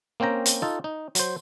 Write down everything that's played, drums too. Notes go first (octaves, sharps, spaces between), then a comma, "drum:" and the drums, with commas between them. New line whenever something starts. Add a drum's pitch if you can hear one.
A#3 C4 C#4 G5 A#5
drum: hi-hat
D#4 F4 A4
D#4
F#3 C5, drum: hi-hat